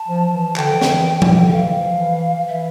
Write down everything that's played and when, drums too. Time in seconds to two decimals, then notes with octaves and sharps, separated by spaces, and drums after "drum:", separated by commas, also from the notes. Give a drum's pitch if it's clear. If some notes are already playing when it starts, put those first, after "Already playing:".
Already playing: A5
0.08 F3
0.32 E3
0.56 D3 G5, drum: clap
0.72 E3
0.82 F3, drum: snare
0.88 E3
1.22 A#2, drum: tom F3
1.32 C3
1.42 D3
1.48 E5
1.52 E3 F5
1.76 F3
1.99 E3
2.47 E3 E5